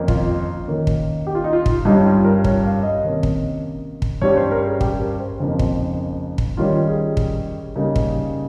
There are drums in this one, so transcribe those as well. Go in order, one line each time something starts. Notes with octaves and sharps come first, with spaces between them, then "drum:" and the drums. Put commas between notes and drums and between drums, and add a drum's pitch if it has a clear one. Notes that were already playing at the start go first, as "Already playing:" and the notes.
Already playing: F2 D#3 A#3 C#4
F4, drum: kick
D#3 A#3 C#4
drum: kick
G4
F4
D#4
F4
drum: kick
G2 G3 C#4 D#4
F4
A#4
C#5, drum: kick
F5
D#5
C3 D#3 A#3 C#4
drum: kick
drum: kick
G2 G3 C#4 C#5
C5
A#4
G#4
G4, drum: kick
A#4
C5
F2 C#3 F3 A#3 D#4
drum: kick
drum: kick
D#3 G3 C#4 F4
G#4
drum: kick
C#3 G3 A#3 D#4
drum: kick